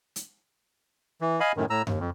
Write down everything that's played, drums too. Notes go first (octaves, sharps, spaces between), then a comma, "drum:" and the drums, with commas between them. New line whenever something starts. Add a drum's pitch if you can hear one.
drum: hi-hat
E3
D#5 F5 G#5 B5
F#2 A2 D#3
A2 A#5 E6
D#2, drum: tom F#2
F2